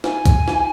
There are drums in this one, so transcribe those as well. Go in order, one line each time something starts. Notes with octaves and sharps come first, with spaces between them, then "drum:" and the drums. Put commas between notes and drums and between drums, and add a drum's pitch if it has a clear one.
G#5, drum: snare
drum: kick, hi-hat
drum: snare